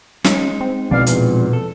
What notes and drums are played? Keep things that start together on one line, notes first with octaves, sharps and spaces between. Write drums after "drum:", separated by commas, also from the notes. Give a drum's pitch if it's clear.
G#3 C#4 D#4, drum: snare
C4
E2 B2 F3 C4 D5 F5
E2 A#2, drum: hi-hat
A4